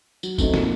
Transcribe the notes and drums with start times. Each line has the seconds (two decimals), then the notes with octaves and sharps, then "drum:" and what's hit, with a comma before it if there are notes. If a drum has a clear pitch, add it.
0.23 F#3, drum: tambourine
0.38 A3 C4 D#4, drum: kick, tambourine
0.54 A#2, drum: snare